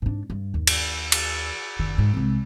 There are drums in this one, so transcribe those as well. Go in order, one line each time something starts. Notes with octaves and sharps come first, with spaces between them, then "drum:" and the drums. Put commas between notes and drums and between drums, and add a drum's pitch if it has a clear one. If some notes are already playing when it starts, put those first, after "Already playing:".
G#2 D4
G2
D#2
drum: cymbal
drum: cymbal
F#1 D#3
G#2
C2 G#3